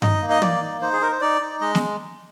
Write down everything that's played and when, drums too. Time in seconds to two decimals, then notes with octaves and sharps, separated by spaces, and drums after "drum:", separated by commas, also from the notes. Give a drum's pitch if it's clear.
0.02 D#4 D#5, drum: tom G2
0.22 A#3
0.30 D#5
0.42 A#3 D5, drum: tom
0.62 D#4
0.81 D#4 C5
0.93 G#4
1.01 D#4 A#4
1.12 C5
1.21 D#4 D5
1.41 D#4
1.61 G#3 D#5
1.75 drum: snare